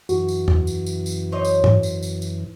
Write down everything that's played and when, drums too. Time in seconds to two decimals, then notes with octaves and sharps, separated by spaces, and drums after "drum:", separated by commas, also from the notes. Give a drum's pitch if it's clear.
0.09 F#2 E3 F#4, drum: tambourine
0.28 drum: tambourine
0.48 drum: tom
0.67 drum: tambourine
0.86 drum: tambourine
1.06 drum: tambourine
1.32 C5 C#5 D#5
1.45 drum: tambourine
1.64 drum: tom
1.83 drum: tambourine
2.03 drum: tambourine
2.22 drum: tambourine